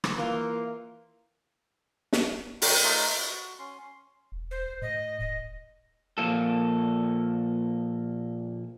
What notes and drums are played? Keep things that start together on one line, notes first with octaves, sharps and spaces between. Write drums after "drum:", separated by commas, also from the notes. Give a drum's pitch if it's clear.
drum: rim click
E3 A#3 F4
drum: snare
D#4 F#4 G5 C6, drum: open hi-hat
A3 D#4 F4
F#4
C#4 C6
E1
C5
A2 D#5
E1 D#5
A#2 F3 A#3 A4